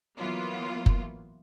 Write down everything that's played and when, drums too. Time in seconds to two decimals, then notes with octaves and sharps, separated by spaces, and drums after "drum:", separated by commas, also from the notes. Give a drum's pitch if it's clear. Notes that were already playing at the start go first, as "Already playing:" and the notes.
0.17 E3 F#3 A#3 B3 F4
0.86 drum: kick F#1